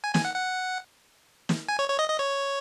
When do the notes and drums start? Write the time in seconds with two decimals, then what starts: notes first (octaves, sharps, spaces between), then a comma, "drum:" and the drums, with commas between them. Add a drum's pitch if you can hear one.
0.04 G#5
0.14 G#5, drum: snare
0.25 F#5
0.35 F#5
1.49 drum: snare
1.69 G#5
1.79 C#5
1.89 C#5
1.99 D#5
2.09 D#5
2.19 C#5